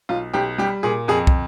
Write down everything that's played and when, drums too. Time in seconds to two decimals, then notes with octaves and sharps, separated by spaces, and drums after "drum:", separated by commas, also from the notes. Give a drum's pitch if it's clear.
0.09 B1 F4
0.33 B1 G4
0.58 G3 G4
0.83 A#2 G#4
1.08 F2 G#4
1.27 drum: kick